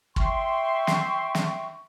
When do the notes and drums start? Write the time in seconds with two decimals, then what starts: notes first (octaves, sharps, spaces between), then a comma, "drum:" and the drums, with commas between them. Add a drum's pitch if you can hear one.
0.16 E5 G5 C6 C#6, drum: kick
0.87 drum: snare
1.35 drum: snare